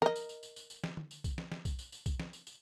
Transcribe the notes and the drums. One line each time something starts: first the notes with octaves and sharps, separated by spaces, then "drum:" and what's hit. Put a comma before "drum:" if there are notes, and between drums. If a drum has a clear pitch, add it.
A#4 D#5, drum: snare
drum: tambourine
drum: tambourine
drum: tambourine
drum: tambourine
drum: tambourine
drum: snare
drum: tom
drum: tambourine
drum: kick B1, tambourine
drum: snare
drum: snare
drum: kick B1, tambourine
drum: tambourine
drum: tambourine
drum: kick B1, tambourine
drum: snare
drum: tambourine
drum: tambourine